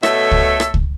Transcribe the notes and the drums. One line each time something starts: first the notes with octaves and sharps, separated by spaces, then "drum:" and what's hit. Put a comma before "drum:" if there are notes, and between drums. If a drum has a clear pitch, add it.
B2 A3 A4 C#5 E5, drum: rim click
drum: kick C#2
drum: rim click
drum: kick C#2